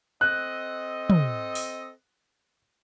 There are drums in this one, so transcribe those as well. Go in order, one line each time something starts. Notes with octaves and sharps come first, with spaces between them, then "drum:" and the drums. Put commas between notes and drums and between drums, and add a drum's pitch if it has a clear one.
C4 A4 D#5 F#6
drum: tom
drum: open hi-hat